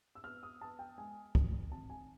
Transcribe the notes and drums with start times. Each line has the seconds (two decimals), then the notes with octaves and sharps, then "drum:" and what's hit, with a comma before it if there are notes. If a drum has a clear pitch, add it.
0.15 E6
0.24 B3 F6
0.43 D#6
0.61 B3 A5
0.79 G5
0.98 G#3 G#5
1.35 D#3, drum: kick
1.71 C4 A5
1.90 G#5